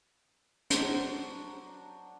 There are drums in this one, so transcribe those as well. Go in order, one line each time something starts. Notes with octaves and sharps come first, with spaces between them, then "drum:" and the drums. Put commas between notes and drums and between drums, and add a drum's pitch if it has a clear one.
F#3 D4 C5, drum: hi-hat